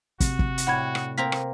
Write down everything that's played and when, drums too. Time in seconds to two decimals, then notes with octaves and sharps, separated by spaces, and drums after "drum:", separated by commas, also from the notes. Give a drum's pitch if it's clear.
0.20 C3 F#4, drum: kick, hi-hat
0.39 drum: kick
0.58 drum: hi-hat
0.67 A2 G3 F#5 B5 G#6
0.95 drum: rim click
1.18 A#3 C4 A#5 B6
1.32 drum: rim click